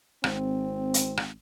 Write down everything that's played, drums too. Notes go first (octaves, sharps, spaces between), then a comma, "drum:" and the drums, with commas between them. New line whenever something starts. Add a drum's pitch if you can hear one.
G#1 C4, drum: rim click
drum: hi-hat
drum: rim click